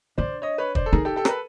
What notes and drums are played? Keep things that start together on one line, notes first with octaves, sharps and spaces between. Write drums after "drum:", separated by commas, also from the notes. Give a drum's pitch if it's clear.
D4 C5 D5
C#5 D#5
B4 C#5
C5 D5, drum: kick
A4
D#4 G#4 A#4
G4 A4
G4 A4
A#4, drum: rim click
A4 B4